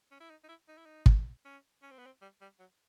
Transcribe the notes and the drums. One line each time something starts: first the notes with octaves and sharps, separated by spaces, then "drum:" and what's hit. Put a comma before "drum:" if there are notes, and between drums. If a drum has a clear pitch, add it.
C#4
E4
D#4
D#4
E4
D#4
E4
D#4
drum: kick
C#4
C#4
C4
B3
C4
G3
G3
F#3